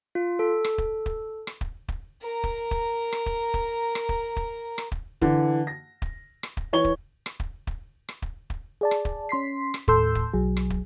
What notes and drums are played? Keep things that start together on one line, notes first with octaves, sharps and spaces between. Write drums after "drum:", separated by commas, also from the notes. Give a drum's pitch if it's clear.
F4
A4
drum: rim click
drum: kick
drum: kick
drum: rim click
drum: kick
drum: kick
A#4 A#5
drum: kick
drum: kick
drum: rim click
drum: kick
drum: kick
drum: rim click
drum: kick
drum: kick
drum: rim click
drum: kick
D3 E3, drum: kick
A#6
drum: kick
drum: rim click
drum: kick
E3 C#5 G7
drum: kick
drum: rim click
drum: kick
drum: kick
drum: rim click
drum: kick
drum: kick
G#4 D5 A5
drum: rim click
drum: kick
C#4 C6 B6 C7
drum: rim click
D#2 A2 A4 C6 E6 G6, drum: kick
drum: kick
B1 F#3 G#4
drum: rim click
drum: kick